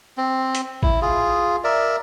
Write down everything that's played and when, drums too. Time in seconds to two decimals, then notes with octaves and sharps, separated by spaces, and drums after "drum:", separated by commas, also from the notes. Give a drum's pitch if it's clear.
0.18 C4
0.55 drum: hi-hat
0.83 E4, drum: kick A1
1.02 F4 G#4
1.64 A#4 D5 E5